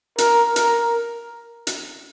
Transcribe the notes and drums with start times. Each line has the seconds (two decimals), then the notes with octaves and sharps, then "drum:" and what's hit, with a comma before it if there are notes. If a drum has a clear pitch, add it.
0.18 A#4, drum: hi-hat
0.56 A#4, drum: hi-hat
1.67 drum: hi-hat